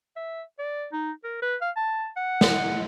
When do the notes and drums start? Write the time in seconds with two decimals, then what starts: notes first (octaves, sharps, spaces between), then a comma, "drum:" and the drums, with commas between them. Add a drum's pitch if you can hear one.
0.16 E5
0.59 D5
0.93 D#4
1.24 A#4
1.42 B4
1.62 F5
1.77 A5
2.17 F#5
2.41 drum: snare